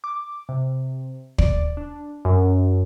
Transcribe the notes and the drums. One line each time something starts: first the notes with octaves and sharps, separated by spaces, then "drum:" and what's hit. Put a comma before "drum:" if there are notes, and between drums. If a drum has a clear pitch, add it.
D6
C3
D5, drum: kick
D4
F#2